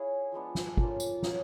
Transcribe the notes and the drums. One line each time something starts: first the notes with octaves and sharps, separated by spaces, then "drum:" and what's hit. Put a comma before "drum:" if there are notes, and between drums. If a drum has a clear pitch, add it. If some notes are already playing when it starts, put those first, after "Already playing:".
Already playing: E4 G#4 C#5 F5
F3 G#3 B3 D4
drum: snare
A#3 C#4 F4 A4, drum: kick G1
drum: tambourine
F#3 A#3 C#4 F4, drum: snare